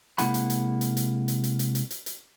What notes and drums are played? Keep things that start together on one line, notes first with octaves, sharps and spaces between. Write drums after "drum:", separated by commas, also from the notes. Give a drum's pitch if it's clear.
C3 G#3 A#3 E4 F#5 B5, drum: hi-hat
drum: hi-hat
drum: hi-hat
drum: hi-hat
drum: hi-hat
drum: hi-hat
drum: hi-hat
drum: hi-hat
drum: hi-hat
drum: hi-hat
drum: hi-hat